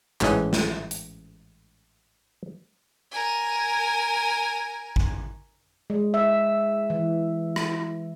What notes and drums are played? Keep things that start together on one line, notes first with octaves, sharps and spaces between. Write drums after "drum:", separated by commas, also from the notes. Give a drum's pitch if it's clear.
A1 G#2 E3 C#4 D#5, drum: clap
drum: snare
drum: hi-hat
A#4 G#5
drum: kick G#1
G#3
E5
E3
drum: rim click